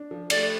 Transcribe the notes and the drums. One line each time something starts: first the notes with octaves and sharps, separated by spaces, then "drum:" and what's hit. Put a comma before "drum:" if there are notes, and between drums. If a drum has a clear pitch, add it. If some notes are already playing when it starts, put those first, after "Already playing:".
Already playing: D4
F3
A3 D5, drum: cymbal